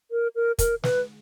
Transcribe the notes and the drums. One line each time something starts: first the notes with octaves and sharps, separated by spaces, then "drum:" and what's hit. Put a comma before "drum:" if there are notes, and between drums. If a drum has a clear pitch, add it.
A#4
A#4
A#4, drum: kick, hi-hat
B4, drum: snare